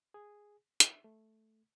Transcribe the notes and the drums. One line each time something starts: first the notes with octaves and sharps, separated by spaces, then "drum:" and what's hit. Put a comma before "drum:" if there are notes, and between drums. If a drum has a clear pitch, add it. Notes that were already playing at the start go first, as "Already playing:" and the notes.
G#4
E5, drum: hi-hat
A3